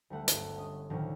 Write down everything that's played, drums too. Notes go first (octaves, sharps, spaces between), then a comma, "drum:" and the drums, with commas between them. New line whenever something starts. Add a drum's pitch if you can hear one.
D2 G3 A3 F#5
G1 F#5, drum: hi-hat
C#4 D#5
D2 A2 C3 D#3 F3 C#4